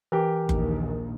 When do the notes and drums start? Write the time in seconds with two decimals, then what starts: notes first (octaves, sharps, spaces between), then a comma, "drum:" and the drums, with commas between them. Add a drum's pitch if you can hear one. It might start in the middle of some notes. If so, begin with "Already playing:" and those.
0.12 E3 G4 A#4
0.49 A#1 D#2 D#3, drum: kick F#1